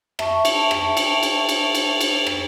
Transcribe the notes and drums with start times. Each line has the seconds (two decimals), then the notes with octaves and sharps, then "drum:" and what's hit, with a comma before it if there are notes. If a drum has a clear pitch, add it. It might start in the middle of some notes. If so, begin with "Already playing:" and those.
0.19 E5 A5 C#6, drum: rim click
0.45 drum: cymbal
0.71 drum: rim click
0.97 drum: cymbal
1.23 drum: cymbal
1.49 drum: cymbal
1.75 drum: cymbal
2.01 drum: cymbal
2.27 drum: rim click